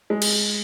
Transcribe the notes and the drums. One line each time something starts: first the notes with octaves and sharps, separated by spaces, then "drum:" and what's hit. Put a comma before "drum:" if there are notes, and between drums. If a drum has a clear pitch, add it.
G#3
drum: cymbal